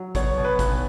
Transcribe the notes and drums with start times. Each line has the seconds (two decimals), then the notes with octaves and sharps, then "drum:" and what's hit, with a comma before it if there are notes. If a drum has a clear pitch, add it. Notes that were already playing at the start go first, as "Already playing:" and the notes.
Already playing: F#3
0.15 B2 C#5, drum: kick, hi-hat
0.38 B2
0.45 B4
0.59 B1, drum: kick, hi-hat